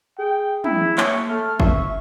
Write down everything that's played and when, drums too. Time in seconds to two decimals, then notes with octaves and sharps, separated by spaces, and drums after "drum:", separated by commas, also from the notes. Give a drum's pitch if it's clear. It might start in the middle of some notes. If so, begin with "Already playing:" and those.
0.19 G#4 G5
0.64 E4, drum: tom
0.98 A#3 C#5, drum: clap
1.29 A3 F6
1.60 E5 C#6, drum: kick